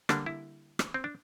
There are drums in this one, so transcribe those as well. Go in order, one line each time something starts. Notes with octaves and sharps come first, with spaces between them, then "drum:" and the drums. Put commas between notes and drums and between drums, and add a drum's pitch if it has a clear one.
D3 G3 A#3 D4, drum: rim click
E4
drum: rim click
C4
D4